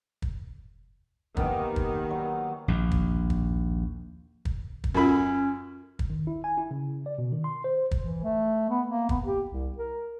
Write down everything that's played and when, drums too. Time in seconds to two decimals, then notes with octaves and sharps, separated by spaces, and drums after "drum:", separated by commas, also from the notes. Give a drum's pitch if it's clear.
0.22 drum: kick
1.37 D#3 A#3 B3 G4, drum: kick
1.76 drum: kick
2.11 F#3
2.68 A#1 D#2
2.91 drum: kick
3.30 drum: kick
4.45 drum: kick
4.84 drum: kick
4.95 F#2 C#4 F4 A4 A#4 B5
5.99 drum: kick
6.10 D#3
6.27 E4
6.44 G#5
6.58 E4
6.71 C#3
7.06 D5
7.18 B2
7.32 D#3
7.44 C6
7.64 C5
7.91 drum: kick
8.02 E3
8.24 A3
8.70 B3
8.88 A#3
9.09 B3, drum: kick
9.25 G4
9.50 C2
9.78 A#4